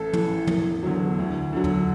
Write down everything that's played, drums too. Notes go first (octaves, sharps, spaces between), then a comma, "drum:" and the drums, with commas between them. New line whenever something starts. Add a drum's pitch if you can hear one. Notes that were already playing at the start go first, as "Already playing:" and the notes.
Already playing: A1 A4
A2 E3, drum: tom
E1, drum: tom
E2 D3 F#3
D2
D3 F#3
drum: tom E2